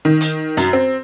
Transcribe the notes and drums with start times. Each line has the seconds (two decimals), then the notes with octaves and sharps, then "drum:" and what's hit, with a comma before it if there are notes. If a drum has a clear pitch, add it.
0.05 D#3
0.21 drum: hi-hat
0.57 F#2, drum: hi-hat
0.73 C4